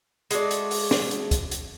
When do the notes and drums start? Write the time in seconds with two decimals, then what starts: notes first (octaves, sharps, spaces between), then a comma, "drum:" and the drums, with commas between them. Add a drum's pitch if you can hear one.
0.31 G#3 A3 F#4 D5, drum: hi-hat
0.51 drum: hi-hat
0.71 drum: open hi-hat
0.91 drum: snare
1.11 drum: hi-hat
1.31 drum: kick, hi-hat
1.51 drum: hi-hat